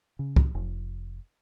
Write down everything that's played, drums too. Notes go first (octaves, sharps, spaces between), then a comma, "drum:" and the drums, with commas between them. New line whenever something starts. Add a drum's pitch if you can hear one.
C#3
drum: kick
F1